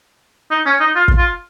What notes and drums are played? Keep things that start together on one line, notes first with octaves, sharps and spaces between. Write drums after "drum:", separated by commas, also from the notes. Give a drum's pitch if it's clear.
D#4
C#4
D#4
F4
drum: kick
F4